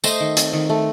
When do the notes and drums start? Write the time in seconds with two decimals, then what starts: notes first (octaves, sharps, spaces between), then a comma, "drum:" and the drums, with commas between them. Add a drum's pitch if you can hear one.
0.04 A3 C5 D#5, drum: tambourine
0.20 D#3
0.37 C4, drum: hi-hat
0.53 D#3
0.69 A3